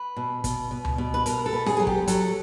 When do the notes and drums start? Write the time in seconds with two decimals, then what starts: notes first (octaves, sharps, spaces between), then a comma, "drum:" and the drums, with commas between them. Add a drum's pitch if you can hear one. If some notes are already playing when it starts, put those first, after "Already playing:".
Already playing: B4
0.16 B2
0.44 B2, drum: kick, hi-hat
0.71 B2
0.85 drum: tom C#2
0.98 B2
1.14 B4
1.26 B2 A#4, drum: hi-hat
1.46 A4
1.53 B3
1.66 G#4, drum: snare C#4
1.77 F#3 G#4
1.87 G4, drum: kick
2.07 F#3 A4, drum: hi-hat